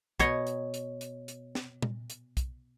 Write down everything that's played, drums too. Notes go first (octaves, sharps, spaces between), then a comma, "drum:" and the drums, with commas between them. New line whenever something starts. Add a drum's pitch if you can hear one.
B2 C#5 D#5, drum: kick, hi-hat
drum: hi-hat
drum: hi-hat
drum: hi-hat
drum: hi-hat
drum: snare
drum: tom A#2
drum: hi-hat
drum: kick, hi-hat